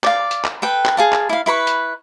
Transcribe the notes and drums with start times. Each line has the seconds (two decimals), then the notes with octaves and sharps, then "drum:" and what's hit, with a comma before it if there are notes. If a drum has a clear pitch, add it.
0.04 D5 F5, drum: clap
0.31 drum: hi-hat
0.45 drum: clap
0.62 A4 B4 G5
0.85 drum: clap
0.97 G#4 F5 A5
1.13 drum: clap
1.29 E4 F5
1.46 E4 B4 B5 C#6
1.67 drum: hi-hat